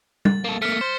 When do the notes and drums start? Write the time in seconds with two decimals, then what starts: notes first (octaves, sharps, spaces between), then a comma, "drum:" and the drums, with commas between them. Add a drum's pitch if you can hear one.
0.25 A6, drum: tom G3
0.44 A#3 A4
0.62 A3 A#3 F6 B6 C#7
0.81 C5